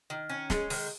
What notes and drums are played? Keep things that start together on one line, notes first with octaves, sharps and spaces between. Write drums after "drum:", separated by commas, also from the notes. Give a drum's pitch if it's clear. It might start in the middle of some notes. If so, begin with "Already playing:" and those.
D#3
C#4
G#3, drum: snare
D#3, drum: open hi-hat